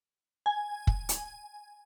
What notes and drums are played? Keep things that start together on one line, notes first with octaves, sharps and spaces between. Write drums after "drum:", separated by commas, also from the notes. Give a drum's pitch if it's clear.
G#5
drum: kick
drum: hi-hat